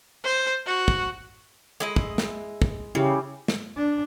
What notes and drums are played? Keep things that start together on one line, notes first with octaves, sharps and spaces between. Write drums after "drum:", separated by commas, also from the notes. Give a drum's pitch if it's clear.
C5
F#4
drum: kick
G#3 E4 D#5
drum: kick
drum: snare
drum: kick
C#3 C#4 E4 G4
drum: snare
D4